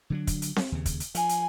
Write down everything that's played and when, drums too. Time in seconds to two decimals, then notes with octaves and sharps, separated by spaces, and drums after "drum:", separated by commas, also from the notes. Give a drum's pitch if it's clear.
0.10 D3 F#3 D4
0.27 drum: kick, hi-hat
0.42 drum: hi-hat
0.56 drum: snare C4
0.72 D#2 C#3
0.86 drum: kick, hi-hat
1.00 drum: hi-hat
1.15 F3 G#5, drum: hi-hat
1.29 drum: hi-hat